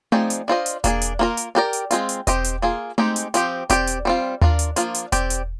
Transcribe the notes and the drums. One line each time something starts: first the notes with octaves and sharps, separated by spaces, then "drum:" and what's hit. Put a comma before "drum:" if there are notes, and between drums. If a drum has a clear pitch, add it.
F3 C4 D#4 G#4 D5, drum: tom A3
drum: hi-hat
D4 F4 C5 D#5
drum: hi-hat
A#3 D4 G#4, drum: kick E1, hi-hat
drum: hi-hat
A#3 F4 A#4
drum: hi-hat
D4 G4 A#4 D5
drum: hi-hat
G#3 C4 F4, drum: hi-hat
drum: hi-hat
C4 G4 C5 D#5, drum: kick E1, hi-hat
drum: hi-hat
A#3 F4 G#4
G#3 C4 D#4 G4, drum: tom A3
drum: hi-hat
F3 C4 G4, drum: hi-hat
C4 G4 D5, drum: kick E1, hi-hat
drum: hi-hat
G3 C4 F4
D4 F4 A#4, drum: tom D#2
drum: hi-hat
F3 A#3 D4 F4, drum: hi-hat
drum: hi-hat
C4 G4 D5, drum: kick E1, hi-hat
drum: hi-hat